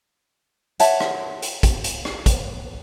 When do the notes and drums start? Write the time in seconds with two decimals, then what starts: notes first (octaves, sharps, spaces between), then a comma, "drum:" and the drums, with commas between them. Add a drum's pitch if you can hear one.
0.80 C#5 E5 F#5 A5, drum: hi-hat
1.00 drum: rim click
1.42 drum: hi-hat
1.63 drum: kick, hi-hat
1.84 drum: hi-hat
2.05 drum: rim click
2.26 drum: kick, hi-hat